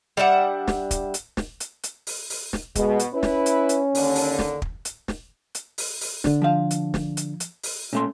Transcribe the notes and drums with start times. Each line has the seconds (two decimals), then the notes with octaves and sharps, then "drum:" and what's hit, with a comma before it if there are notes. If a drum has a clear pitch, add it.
0.17 G3 D4 E5 F#5
0.67 drum: snare
0.91 drum: kick, hi-hat
1.14 drum: hi-hat
1.37 drum: snare
1.60 drum: hi-hat
1.83 drum: hi-hat
2.07 drum: open hi-hat
2.30 drum: open hi-hat
2.53 drum: snare
2.75 B2 G#3, drum: kick, hi-hat
2.99 drum: hi-hat
3.13 C#4 E4 B4
3.23 drum: snare
3.46 drum: hi-hat
3.69 drum: hi-hat
3.95 D#2 D3, drum: open hi-hat
4.15 drum: open hi-hat
4.39 drum: snare
4.62 drum: kick
4.85 drum: hi-hat
5.08 drum: snare
5.55 drum: hi-hat
5.78 drum: open hi-hat
6.01 drum: open hi-hat
6.24 D3 D4, drum: snare
6.42 F3 F5
6.71 drum: hi-hat
6.94 drum: snare
7.17 drum: hi-hat
7.40 drum: hi-hat
7.63 drum: open hi-hat
7.93 A#2 A3 C#4 C6